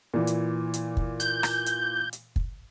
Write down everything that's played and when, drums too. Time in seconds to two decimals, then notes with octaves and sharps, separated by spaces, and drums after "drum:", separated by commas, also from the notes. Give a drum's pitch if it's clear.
0.14 A#2 E3
0.27 drum: hi-hat
0.74 drum: hi-hat
0.97 drum: kick
1.20 G6, drum: hi-hat
1.43 drum: rim click
1.66 drum: hi-hat
2.13 drum: hi-hat
2.36 drum: kick